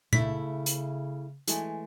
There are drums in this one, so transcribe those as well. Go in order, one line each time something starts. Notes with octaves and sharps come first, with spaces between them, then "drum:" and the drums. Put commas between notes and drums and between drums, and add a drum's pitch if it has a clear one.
C#3 A3 E4 B6, drum: tom A#2
drum: hi-hat
E3 G#3 A3, drum: hi-hat